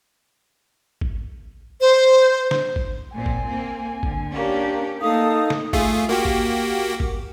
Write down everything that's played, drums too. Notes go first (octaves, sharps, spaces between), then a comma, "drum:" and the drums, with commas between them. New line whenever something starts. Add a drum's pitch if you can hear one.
drum: kick
C5
drum: snare
drum: kick
A#2 C4 G#5
drum: kick
A#3 C4
D3, drum: kick
A#3 C#4 D4 G4
A#3 D#4 A4 F5 D#6
drum: snare
A3 F4 G#4, drum: kick
A#3 F#4 G4
drum: kick
drum: kick